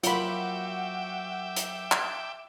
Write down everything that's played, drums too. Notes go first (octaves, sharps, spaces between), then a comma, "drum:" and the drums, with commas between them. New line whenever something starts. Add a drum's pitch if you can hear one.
F#3 A#3 F4 F#4 E5 G5 B5 D6, drum: hi-hat
drum: hi-hat
drum: clap